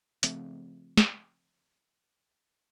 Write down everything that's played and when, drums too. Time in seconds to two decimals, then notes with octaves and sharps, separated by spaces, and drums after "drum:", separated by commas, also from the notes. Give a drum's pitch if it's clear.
0.23 C#3 F3 A3 C4, drum: hi-hat
0.97 drum: snare